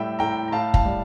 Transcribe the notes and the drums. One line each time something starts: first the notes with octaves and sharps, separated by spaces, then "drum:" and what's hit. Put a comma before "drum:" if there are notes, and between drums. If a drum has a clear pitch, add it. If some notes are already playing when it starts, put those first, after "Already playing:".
Already playing: A2 G3 E5 G5
A2 G5 A#5
A#5
A2 F5 A5
F5 A5, drum: kick
G3